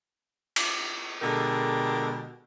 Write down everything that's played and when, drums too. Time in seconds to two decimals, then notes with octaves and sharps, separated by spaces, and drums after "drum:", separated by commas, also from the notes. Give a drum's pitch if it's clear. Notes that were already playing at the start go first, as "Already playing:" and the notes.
0.56 drum: cymbal
1.21 B2 D3 G#3 G4 A4 A#4